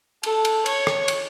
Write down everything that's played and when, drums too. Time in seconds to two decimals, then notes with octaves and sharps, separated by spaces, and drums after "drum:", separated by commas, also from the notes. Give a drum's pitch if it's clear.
0.23 A4, drum: cymbal
0.45 drum: cymbal
0.66 C#5, drum: cymbal
0.87 drum: rim click
1.08 drum: cymbal